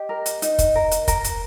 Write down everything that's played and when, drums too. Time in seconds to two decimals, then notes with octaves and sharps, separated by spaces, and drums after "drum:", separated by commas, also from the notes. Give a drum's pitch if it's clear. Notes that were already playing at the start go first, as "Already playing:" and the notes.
Already playing: G4 D#5
0.09 A#4
0.26 drum: hi-hat
0.42 D#4, drum: hi-hat
0.59 drum: kick, hi-hat
0.75 A#4
0.91 drum: hi-hat
1.08 A#4, drum: kick, hi-hat
1.24 drum: hi-hat